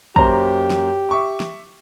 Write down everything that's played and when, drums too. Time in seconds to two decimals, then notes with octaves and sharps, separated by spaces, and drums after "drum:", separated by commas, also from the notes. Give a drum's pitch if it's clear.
0.16 F#2 A#3 G4 C5 A#5, drum: kick
0.70 drum: snare
1.09 E5 C#6 D6
1.40 drum: snare